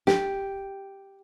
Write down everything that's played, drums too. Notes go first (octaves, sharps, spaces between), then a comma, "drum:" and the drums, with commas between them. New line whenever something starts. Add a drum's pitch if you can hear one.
G4, drum: snare